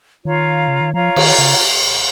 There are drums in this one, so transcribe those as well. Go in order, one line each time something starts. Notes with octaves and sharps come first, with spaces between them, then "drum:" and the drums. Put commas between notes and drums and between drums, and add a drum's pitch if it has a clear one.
D#3 F4 C#5 F5 A#5
C#3
D#3
F3 F4 C#5 F5 A#5
D#3, drum: cymbal
C#3